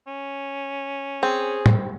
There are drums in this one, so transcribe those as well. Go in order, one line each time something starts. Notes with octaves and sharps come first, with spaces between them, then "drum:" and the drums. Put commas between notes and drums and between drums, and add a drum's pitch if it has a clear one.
C#4
C4 G#4
drum: tom